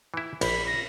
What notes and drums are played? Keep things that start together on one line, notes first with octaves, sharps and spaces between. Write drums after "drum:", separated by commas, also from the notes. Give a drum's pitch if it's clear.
E3 E4
A#1 B5, drum: cymbal
A#6